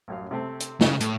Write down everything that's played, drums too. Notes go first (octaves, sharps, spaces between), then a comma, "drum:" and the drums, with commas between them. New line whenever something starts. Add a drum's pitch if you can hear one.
A1 F#2 F5
C3 A3 C4
drum: hi-hat
C#3, drum: snare
A2 A3, drum: hi-hat